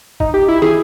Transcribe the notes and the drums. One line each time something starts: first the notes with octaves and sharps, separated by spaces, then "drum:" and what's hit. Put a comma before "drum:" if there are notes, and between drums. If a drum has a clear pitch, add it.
D#4, drum: kick G1
G4
E4
G#4, drum: snare